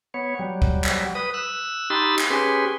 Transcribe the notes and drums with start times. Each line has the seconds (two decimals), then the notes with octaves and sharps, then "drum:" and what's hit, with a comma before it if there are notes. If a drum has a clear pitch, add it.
0.14 B3 C#5
0.39 F#3 G3
0.62 drum: kick
0.84 drum: clap
1.15 B4 D#6
1.34 E6 F#6
1.90 D#4 G4 B5 C6 E6 A6
2.19 drum: clap
2.30 C#4 G4 G#4 B4 C6